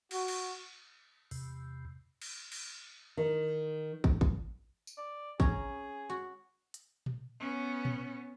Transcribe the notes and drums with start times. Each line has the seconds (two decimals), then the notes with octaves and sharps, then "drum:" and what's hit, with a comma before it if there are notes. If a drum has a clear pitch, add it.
0.11 F#4, drum: cymbal
0.28 drum: cymbal
1.31 E2 C3, drum: open hi-hat
2.21 drum: cymbal
2.52 drum: cymbal
3.17 D#3
4.04 drum: kick
4.21 drum: kick
4.87 drum: tambourine
4.98 D5
5.40 C#4 G#4 A#5, drum: kick
6.10 F#4
6.74 drum: hi-hat
7.06 drum: tom A#2
7.39 B3 C#4
7.85 drum: tom A#2